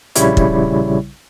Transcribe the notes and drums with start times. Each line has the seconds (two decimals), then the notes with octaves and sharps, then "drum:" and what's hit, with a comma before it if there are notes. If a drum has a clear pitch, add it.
0.16 A#1 C#3 G3 E4 C#5, drum: hi-hat
0.37 drum: kick